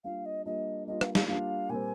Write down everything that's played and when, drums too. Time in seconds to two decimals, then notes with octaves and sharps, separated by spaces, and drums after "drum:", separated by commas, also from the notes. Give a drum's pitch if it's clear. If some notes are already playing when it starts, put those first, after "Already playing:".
0.04 G3 A#3 D4 F4 F5
0.26 D#5
0.45 G3 A#3 D4 F4 D#5
0.88 G3 A#3 D4 F4 D#5
1.01 F5, drum: rim click
1.15 F5, drum: snare
1.28 G3 A#3 D4 F4 F5
1.69 A#2 G3 C4 G#5